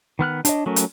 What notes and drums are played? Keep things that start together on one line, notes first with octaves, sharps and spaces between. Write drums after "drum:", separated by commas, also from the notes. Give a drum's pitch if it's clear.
D#3 B3 F6 F#6
D4 C#5 D#5, drum: hi-hat
F#3 A3 C#4 A#4
drum: hi-hat